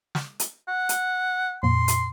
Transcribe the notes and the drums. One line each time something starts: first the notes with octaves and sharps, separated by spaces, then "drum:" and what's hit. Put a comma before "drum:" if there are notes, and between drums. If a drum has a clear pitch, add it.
drum: snare
drum: hi-hat
F#5
drum: hi-hat
F2 A#2 C6
drum: hi-hat